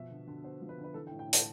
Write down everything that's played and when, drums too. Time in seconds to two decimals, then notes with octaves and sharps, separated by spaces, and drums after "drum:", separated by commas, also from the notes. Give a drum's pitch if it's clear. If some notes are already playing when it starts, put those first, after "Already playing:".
Already playing: B2 F3 E5
0.11 D3
0.27 D3
0.44 B3 C5
0.61 F3
0.69 B4
0.78 D3
0.84 B4
0.94 E3 A4
1.07 G5
1.11 A2
1.19 G5
1.28 A2
1.33 A5, drum: hi-hat